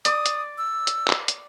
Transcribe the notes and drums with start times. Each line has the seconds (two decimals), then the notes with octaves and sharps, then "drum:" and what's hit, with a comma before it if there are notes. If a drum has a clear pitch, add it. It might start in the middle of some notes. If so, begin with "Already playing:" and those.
0.05 D5 D6 D#6, drum: hi-hat
0.26 drum: hi-hat
0.58 E6
0.87 drum: hi-hat
1.08 drum: clap
1.28 drum: hi-hat